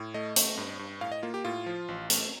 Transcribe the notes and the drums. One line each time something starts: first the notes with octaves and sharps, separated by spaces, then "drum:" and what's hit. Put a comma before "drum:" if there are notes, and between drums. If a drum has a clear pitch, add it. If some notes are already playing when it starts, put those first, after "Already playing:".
Already playing: A2
A3 D#5
A3, drum: hi-hat
G2
G2
A2 F5
D#5
A#3 F4
G4
A2 F4
F3
A1
A3, drum: hi-hat